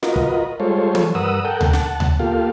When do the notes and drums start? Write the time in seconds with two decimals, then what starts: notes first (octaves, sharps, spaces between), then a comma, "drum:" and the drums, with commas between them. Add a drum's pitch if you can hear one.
0.03 F4 F#4 A#4 B4 D#5, drum: snare
0.16 drum: kick
0.60 G3 G#3 F4 A4 C5 C#5
0.95 drum: tom E3
1.15 G2 A#4 B4 F#5 D#6 E6
1.45 A4 A#4 F#5 G5
1.61 drum: tom D2
1.73 F#5 A5, drum: snare
2.00 drum: tom D2
2.20 A#3 F4 G4 A4 F5